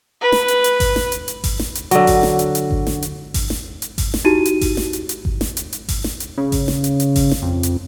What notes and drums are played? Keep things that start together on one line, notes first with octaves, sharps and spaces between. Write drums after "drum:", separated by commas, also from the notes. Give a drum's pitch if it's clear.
B4
drum: snare
drum: hi-hat
drum: hi-hat
drum: kick G#1, open hi-hat
drum: snare
drum: hi-hat
drum: hi-hat
drum: kick G#1, open hi-hat
drum: snare
drum: hi-hat
D3 F#3, drum: hi-hat
drum: kick G#1, open hi-hat
drum: snare
drum: hi-hat
drum: hi-hat
drum: kick G#1
drum: snare
drum: hi-hat
drum: kick G#1, open hi-hat
drum: snare
drum: hi-hat
drum: kick G#1, open hi-hat
drum: snare
D#4 E4 F#4 G4 D#7
drum: hi-hat
drum: kick G#1, open hi-hat
drum: snare
drum: hi-hat
drum: hi-hat
drum: kick G#1
drum: snare
drum: hi-hat
drum: hi-hat
drum: kick G#1, open hi-hat
drum: snare
drum: hi-hat
C#3
drum: kick G#1, open hi-hat
drum: snare
drum: hi-hat
drum: hi-hat
drum: kick G#1, open hi-hat
drum: snare
F2
drum: hi-hat